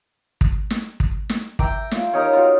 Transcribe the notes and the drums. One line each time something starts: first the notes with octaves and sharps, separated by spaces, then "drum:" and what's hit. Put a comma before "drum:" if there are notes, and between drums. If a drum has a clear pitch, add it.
drum: kick
drum: snare
drum: kick
drum: snare
E5 G5 A#5 D6, drum: kick
F4 D5, drum: snare
C#4 D#4 G4 A#4
F4 F#4